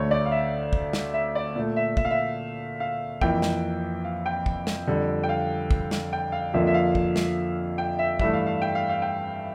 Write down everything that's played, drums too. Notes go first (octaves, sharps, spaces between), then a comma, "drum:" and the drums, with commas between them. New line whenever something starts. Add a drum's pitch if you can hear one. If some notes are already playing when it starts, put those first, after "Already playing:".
Already playing: D2 D3 A3 C#5
D5
F5
E5
drum: kick
drum: snare
E5
D5
A#2 A3
E5
E5, drum: kick
F5
E5
F5
F2 E3 A#3 G5, drum: kick
drum: snare
F5
G5
drum: kick
drum: snare
F2 D3 G3
G5
F5
drum: kick
drum: snare
G5
F5
F2 D3 F3 A#3 E5
E5
F5
drum: kick
drum: snare
G5
E5
G2 E3 A3 E5, drum: kick
F5
F5
G5
F5
F5
G5